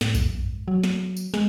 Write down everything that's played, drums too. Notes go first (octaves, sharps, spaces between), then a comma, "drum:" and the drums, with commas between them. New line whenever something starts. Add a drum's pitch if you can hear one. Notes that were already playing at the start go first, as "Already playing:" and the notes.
A2, drum: snare
E2, drum: kick A#1, tambourine
F#2
G#2
F#3
drum: snare
drum: tambourine
G#3, drum: snare